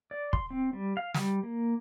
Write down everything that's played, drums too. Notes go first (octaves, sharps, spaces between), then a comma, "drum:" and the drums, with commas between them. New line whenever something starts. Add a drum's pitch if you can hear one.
D5
C6, drum: kick
C4
G3
F5
G3, drum: snare
A#3